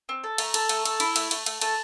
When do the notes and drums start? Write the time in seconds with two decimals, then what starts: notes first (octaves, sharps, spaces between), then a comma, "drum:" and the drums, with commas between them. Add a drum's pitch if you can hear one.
0.09 C4
0.24 A4
0.38 A3 A#5, drum: cymbal
0.54 A4, drum: cymbal
0.69 A3, drum: cymbal
0.85 A4, drum: cymbal
1.00 E4, drum: cymbal
1.16 A3, drum: cymbal
1.31 A3, drum: cymbal
1.46 A3, drum: cymbal
1.61 A3 A5, drum: cymbal